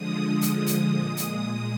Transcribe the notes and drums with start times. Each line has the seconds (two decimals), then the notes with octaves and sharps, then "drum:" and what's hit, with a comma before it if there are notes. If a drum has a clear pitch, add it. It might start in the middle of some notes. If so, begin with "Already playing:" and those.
Already playing: D3 F3 G#3 D#6
0.41 drum: hi-hat
0.67 drum: hi-hat
0.92 A#2 G#3
1.17 drum: hi-hat
1.42 D#6